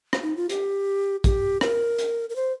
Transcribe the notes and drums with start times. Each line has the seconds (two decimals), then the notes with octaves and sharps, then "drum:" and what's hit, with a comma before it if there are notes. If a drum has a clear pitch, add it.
0.13 drum: rim click
0.23 D#4
0.37 F4
0.49 G4, drum: hi-hat
1.24 G4, drum: kick, hi-hat
1.61 A#4, drum: rim click
1.99 drum: hi-hat
2.30 A#4
2.36 C5